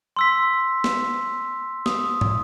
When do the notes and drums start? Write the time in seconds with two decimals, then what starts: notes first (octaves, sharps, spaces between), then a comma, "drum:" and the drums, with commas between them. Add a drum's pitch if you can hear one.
0.16 C6 E6 B6
0.84 drum: snare
1.86 D#6, drum: snare
2.21 drum: tom